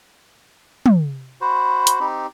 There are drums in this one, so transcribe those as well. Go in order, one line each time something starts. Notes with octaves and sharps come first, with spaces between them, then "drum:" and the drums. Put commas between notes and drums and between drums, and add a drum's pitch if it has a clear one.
drum: tom
F#4 C5 B5
drum: hi-hat
C4 D#4 G4